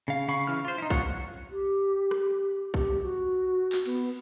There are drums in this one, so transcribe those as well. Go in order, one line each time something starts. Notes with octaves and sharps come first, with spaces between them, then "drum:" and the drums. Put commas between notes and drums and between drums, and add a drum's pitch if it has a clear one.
C#3 F5
C#3 F5 B5 C#6
C#3 E3 F6
F4 C5
D#4 E4
F4 C#5 F#5, drum: kick B1
G4
drum: rim click
G4, drum: kick B1
F#4
drum: clap
B3, drum: cymbal